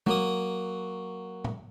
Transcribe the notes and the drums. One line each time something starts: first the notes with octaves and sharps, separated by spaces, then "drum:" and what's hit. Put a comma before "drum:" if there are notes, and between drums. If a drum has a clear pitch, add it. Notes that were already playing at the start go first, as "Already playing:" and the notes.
F#3 A#3 D#6, drum: tom
drum: tom